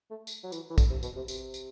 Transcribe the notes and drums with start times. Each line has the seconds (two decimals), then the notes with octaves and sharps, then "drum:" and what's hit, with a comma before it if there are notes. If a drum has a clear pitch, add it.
0.10 A3
0.27 drum: tambourine
0.44 F#3
0.52 E3, drum: tambourine
0.70 E3
0.78 D3, drum: kick, tambourine
0.90 C3
1.03 B2, drum: tambourine
1.16 C3
1.28 C3, drum: tambourine
1.54 drum: tambourine